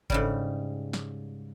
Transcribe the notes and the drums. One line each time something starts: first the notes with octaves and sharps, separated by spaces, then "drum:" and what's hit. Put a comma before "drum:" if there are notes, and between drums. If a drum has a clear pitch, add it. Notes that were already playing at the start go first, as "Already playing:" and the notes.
G#2 C#3 G3, drum: kick G1
drum: snare